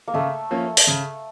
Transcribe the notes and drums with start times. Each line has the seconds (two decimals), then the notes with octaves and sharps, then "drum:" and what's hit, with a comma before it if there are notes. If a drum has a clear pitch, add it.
0.08 A#3
0.14 C#3 A3
0.51 F3 A#3 C#4
0.77 drum: open hi-hat
0.87 C#3